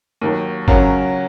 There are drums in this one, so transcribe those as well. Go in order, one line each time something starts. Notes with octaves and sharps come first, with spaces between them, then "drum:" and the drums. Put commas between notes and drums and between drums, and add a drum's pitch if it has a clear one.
D#2 D#3 F#3
C#3 F#3 C#4 F#4 A#4, drum: kick